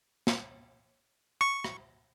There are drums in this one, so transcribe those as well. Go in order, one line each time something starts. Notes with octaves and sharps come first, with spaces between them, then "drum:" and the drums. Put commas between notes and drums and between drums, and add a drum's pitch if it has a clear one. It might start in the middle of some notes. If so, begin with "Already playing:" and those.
drum: snare
C#6
drum: rim click